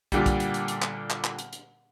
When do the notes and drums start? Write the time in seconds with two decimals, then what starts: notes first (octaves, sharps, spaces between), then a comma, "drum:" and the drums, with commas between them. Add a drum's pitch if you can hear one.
0.12 A#2 D3 G3, drum: kick, hi-hat
0.26 drum: kick, hi-hat
0.40 drum: hi-hat
0.54 drum: hi-hat
0.68 drum: hi-hat
0.82 drum: clap
1.10 drum: clap
1.24 drum: clap
1.39 drum: hi-hat
1.53 drum: hi-hat